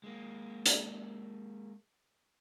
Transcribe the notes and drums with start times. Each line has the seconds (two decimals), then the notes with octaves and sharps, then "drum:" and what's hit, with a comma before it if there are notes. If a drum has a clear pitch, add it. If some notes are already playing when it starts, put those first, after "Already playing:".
0.04 G#3 A#3
0.66 drum: hi-hat